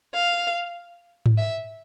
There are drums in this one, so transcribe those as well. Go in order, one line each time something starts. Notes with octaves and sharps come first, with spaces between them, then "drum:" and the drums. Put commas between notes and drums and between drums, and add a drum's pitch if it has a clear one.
F5
drum: tom G#2
E5